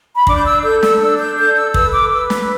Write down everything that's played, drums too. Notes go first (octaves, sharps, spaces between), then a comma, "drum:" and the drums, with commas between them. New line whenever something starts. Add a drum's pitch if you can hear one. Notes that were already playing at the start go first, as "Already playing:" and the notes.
B5
D4 D6, drum: kick
G6
E6
A4 G6
E6, drum: snare
D4 E6
G6
A4 G6
E6
B4 E6, drum: kick
D6
B4 E6
drum: snare